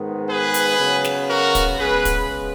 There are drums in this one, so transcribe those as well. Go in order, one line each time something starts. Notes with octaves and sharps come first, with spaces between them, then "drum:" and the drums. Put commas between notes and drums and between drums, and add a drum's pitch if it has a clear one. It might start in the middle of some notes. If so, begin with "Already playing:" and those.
Already playing: G#2 D#3 G#3 B3
G#4 B4
drum: hi-hat
C#3 F#3 B3
drum: snare
F#4 A#4
drum: kick, hi-hat
C#3 G#3 B3 G#4 B4
drum: kick, hi-hat